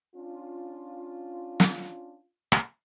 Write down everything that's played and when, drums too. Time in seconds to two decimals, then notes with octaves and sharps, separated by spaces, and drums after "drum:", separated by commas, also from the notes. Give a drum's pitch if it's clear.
0.15 C#4 D4 F4
1.60 drum: snare
2.52 drum: rim click